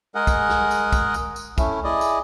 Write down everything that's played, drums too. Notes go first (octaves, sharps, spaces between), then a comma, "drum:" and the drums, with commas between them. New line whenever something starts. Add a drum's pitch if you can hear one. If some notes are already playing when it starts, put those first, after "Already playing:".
G#3 G#4 A#4 D#5 F#5
drum: kick, tambourine
drum: snare
drum: tambourine
drum: kick, tambourine
drum: tambourine
drum: tambourine
A3 C#4 E4, drum: kick, tambourine
E4 G#4 D5 D#5
drum: tambourine